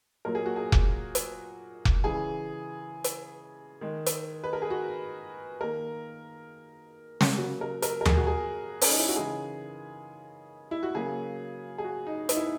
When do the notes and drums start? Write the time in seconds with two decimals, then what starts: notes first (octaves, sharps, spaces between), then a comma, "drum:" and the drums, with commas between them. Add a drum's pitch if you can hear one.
0.25 A#2 F#3 A#3 A#4
0.35 G#4
0.46 F#4
0.56 G#4
0.72 drum: kick F1
1.15 drum: hi-hat
1.85 drum: kick F1
2.04 C#3 E3 G#3 G#4
3.04 drum: hi-hat
3.81 D#3 G#3
4.06 drum: hi-hat
4.44 B4
4.53 A#4
4.62 G#4
4.70 F#4
5.61 D#3 A#3 A#4
7.21 drum: snare
7.38 C#3 F#3 A#3 F#4
7.61 A#4
7.82 A#4, drum: hi-hat
8.01 A#4
8.05 G#4, drum: tom D#2
8.17 F#4
8.27 G#4
8.81 C#4, drum: open hi-hat
8.89 D#4
8.99 E4
9.08 F#4
9.16 C#3 E3 G#3 G#4
10.71 E4
10.83 F#4
10.95 C#3 F#3 A#3 G#4
11.78 G#4
11.84 F#4
12.07 D#4
12.29 D#4, drum: hi-hat
12.37 E4